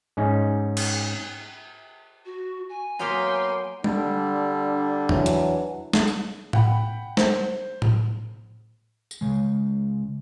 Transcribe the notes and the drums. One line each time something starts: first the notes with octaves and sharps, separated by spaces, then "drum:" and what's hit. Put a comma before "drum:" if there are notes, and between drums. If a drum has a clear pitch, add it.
G#2 C#4 D#4
drum: cymbal
F#4
G#5
F#3 A#3 B3 F5 G5 C6
D3 G3 D4, drum: tom G3
E3 F#3, drum: tom E2
drum: hi-hat
drum: snare
drum: tambourine
F#5 G5 B5, drum: tom A2
C5, drum: snare
drum: tom A2
drum: tambourine
C#3 G#3